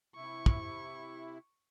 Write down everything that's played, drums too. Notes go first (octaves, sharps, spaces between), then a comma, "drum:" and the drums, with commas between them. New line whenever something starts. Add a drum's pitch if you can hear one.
C3 E4 C#6
drum: kick